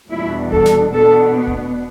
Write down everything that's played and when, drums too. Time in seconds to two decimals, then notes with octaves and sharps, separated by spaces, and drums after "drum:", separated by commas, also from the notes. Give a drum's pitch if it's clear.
0.10 E2 B2 G3 D4 E4
0.52 A4, drum: kick E1
0.66 drum: snare
0.93 B2 B3 D4 A4
1.47 drum: kick E1